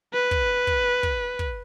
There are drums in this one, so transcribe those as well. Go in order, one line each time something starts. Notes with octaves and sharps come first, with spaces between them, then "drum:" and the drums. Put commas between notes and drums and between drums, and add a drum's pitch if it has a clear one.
B4
drum: kick
drum: kick
drum: kick
drum: kick